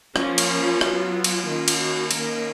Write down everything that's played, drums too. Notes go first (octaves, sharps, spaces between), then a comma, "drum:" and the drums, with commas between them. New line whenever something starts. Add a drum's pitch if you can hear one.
F3 A#3 C#4 F4, drum: rim click
drum: cymbal
F#3 B3, drum: rim click
drum: cymbal
D#3 A#3 C#4 F4
drum: cymbal
F#4
D#3 A#3 C#4 A#4, drum: cymbal